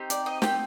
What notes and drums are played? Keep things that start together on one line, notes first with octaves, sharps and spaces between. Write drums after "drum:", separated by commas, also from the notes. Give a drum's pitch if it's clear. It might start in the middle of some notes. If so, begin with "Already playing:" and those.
Already playing: C4 D#4 G4
D5, drum: hi-hat
D#5
C4 G4 G5, drum: snare